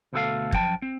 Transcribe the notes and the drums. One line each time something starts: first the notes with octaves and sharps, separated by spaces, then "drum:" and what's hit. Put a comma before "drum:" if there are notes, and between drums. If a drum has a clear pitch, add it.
D2 B2 A3 D4 A4 F5
F#2 F3 G5 A5, drum: kick
C4